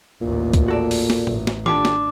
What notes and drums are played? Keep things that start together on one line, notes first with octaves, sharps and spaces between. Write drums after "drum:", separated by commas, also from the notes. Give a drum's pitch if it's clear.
A1 D#2 A#2
drum: kick C#2, hi-hat
F#4 A4 D5
drum: open hi-hat
drum: snare
A1, drum: tom A#2
drum: snare
D4 F4 G4 A4 D6, drum: tom D#3
drum: snare